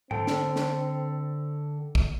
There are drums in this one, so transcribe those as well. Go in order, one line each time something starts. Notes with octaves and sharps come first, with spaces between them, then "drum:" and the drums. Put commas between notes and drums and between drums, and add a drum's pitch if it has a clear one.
D3 C4 A4 G5, drum: tom G#2
drum: snare
drum: snare
drum: kick